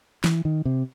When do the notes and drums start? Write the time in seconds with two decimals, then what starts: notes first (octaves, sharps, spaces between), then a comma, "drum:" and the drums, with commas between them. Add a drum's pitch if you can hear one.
0.24 E3, drum: snare
0.45 D#3
0.65 C3